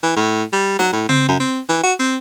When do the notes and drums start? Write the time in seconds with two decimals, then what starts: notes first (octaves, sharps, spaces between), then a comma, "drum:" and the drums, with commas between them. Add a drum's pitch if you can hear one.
0.03 E3
0.16 A2
0.53 G3
0.79 F#3, drum: snare
0.93 A2
1.09 C4, drum: tom C#3
1.28 F#2
1.40 C4
1.69 E3
1.84 F#4
2.00 C4